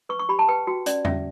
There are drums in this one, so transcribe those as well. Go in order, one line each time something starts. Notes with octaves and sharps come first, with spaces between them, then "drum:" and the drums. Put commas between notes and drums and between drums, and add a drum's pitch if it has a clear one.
B4 C#6
C#6
G4 B5
A5
B4 G5
F#4 G5
C#4 D5, drum: hi-hat
C#4 E5, drum: tom